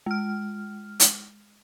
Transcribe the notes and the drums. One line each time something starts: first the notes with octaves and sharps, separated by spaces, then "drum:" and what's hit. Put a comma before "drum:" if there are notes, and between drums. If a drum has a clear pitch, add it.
G#3 F6
drum: hi-hat